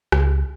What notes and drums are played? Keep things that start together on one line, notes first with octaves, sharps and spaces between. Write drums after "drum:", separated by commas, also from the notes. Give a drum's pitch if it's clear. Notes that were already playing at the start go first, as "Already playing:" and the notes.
C#2, drum: rim click